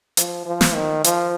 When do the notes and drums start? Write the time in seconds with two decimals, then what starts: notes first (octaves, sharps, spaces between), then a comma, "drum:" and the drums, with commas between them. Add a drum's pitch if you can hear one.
0.17 F3, drum: hi-hat
0.46 F3
0.61 drum: snare
0.75 D#3
1.04 F3, drum: hi-hat